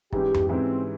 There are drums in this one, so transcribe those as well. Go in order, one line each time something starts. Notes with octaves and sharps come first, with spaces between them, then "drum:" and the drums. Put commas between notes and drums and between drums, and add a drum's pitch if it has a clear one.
G#2 E3 G3 C#4 E4 G4, drum: kick
drum: tom F2
G#2 E3 G3 C4 C#4 E4